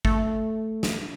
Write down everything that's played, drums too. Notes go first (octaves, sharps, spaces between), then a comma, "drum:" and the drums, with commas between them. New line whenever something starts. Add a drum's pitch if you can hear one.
A3, drum: kick
drum: snare